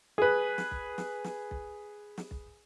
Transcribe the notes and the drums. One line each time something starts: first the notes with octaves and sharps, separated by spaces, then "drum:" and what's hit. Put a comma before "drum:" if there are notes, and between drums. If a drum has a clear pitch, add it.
G#4 B4
drum: snare
drum: kick B1
drum: snare
drum: snare
drum: kick B1
drum: snare
drum: kick B1